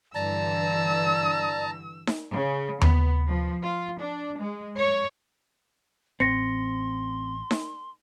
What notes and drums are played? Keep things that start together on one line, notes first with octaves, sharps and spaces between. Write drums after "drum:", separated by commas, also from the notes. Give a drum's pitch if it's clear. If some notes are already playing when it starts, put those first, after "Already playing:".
G2 D3 E3 D5 A5 A#5 E6
drum: snare D#4
C#3
B3, drum: tom D#2
F3
F4
D4
G#3
C#5
A1 C4 C6 A#6 C#7
drum: snare D#4